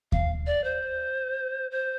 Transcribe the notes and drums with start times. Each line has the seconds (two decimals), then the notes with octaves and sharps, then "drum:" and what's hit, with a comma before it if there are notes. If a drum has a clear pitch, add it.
0.12 F5, drum: kick D#2
0.47 D5
0.64 C5
1.71 C5